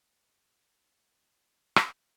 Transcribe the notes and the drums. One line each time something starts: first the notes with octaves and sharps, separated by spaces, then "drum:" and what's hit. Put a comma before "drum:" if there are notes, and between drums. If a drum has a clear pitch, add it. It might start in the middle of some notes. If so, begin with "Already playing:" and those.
A#3 F4
F3 B3 C4 D#5
drum: rim click
D3 G4 C#5 D#5